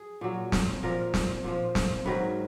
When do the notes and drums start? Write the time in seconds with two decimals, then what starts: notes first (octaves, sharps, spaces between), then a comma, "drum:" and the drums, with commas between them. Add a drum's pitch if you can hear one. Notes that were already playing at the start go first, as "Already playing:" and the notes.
Already playing: G#4
0.21 A#2 F#3
0.52 drum: snare
0.83 A#2 F3 A#4
1.14 drum: snare
1.44 A#2 F3
1.75 drum: snare
2.06 G#2 D#3 F#3 B4